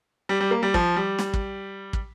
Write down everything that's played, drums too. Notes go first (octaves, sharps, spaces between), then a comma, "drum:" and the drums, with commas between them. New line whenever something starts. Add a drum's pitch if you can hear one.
G3
G3
A#3
G3
F3, drum: kick
G3
drum: snare
drum: kick
drum: kick